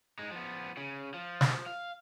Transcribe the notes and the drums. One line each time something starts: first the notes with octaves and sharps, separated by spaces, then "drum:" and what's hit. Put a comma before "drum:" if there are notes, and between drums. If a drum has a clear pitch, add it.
G#3 D#4
F3 B3
C#3
F3
drum: snare
F5